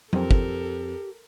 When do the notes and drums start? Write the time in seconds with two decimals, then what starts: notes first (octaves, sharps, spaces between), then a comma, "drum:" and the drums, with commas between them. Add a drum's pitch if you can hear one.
0.13 F2 C4 G4 A4 A#4, drum: tom F#3
0.31 drum: kick